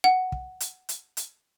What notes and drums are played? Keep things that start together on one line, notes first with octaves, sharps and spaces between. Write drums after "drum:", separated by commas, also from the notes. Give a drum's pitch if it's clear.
F#5
drum: kick
drum: hi-hat
drum: hi-hat
drum: hi-hat